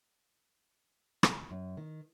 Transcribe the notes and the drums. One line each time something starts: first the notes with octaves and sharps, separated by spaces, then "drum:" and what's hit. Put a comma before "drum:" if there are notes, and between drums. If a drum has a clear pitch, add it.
drum: rim click
F#2
D#3